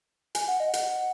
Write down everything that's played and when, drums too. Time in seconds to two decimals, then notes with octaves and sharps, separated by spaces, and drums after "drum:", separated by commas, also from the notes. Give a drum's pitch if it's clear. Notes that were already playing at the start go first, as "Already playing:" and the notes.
0.35 G#5, drum: hi-hat
0.48 F#5
0.60 D#5
0.74 F#5, drum: hi-hat